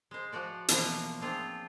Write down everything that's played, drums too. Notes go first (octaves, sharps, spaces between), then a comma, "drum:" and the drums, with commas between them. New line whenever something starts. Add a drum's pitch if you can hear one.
G#3 C5
F3 F#4 D5
B2 E3 F3 A#3, drum: hi-hat
C4 D4 F4 G#4